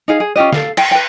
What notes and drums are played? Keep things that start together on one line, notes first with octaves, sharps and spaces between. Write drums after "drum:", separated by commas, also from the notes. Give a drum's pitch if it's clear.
D#4 G#4 F5
G#4
C#4 F4 G4 D#5
A4 F5, drum: snare
G5, drum: cymbal
B4 G5